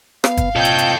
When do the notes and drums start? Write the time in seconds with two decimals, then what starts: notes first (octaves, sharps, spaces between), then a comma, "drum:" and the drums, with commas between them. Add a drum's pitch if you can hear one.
0.24 B3 F5, drum: rim click
0.37 drum: kick, hi-hat
0.56 C3 F4 A4 C#5 D#5 G5 G6
0.65 drum: hi-hat
0.78 drum: hi-hat